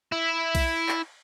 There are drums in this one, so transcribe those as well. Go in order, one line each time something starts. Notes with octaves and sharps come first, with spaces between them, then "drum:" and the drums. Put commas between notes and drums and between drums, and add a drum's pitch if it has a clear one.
E4
drum: kick B1, cymbal
drum: clap